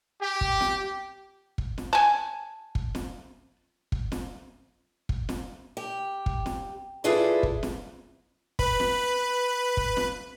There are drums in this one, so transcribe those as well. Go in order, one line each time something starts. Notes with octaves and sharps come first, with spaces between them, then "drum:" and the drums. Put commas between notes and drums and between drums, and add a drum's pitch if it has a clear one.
G4
drum: kick
drum: snare
drum: kick
drum: snare
G#5 A5
drum: kick
drum: snare
drum: kick
drum: snare
drum: kick
drum: snare
G4
drum: kick
drum: snare
E4 F4 G#4 A4 B4 D5
drum: kick
drum: snare
B4 B5, drum: kick
drum: snare
drum: kick
drum: snare